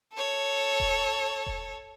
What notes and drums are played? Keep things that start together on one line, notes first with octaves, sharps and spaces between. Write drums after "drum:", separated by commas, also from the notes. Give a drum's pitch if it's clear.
A4 C#5
drum: kick E1
drum: kick E1